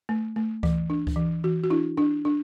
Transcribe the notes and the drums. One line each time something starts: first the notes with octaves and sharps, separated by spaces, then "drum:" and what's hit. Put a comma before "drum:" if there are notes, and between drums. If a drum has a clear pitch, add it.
A3
A3
E3, drum: kick C#2
D4
drum: kick C#2
E3
E3 F#4
F#4
D4 E4
D4
D4